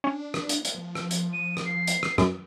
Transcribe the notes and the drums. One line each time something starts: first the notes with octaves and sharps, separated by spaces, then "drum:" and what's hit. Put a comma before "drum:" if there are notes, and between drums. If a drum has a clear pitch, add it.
C#4 D4
drum: rim click
drum: hi-hat
drum: hi-hat
F3
drum: rim click
drum: hi-hat
D#7
drum: rim click
C7
drum: hi-hat
drum: rim click
F#2, drum: rim click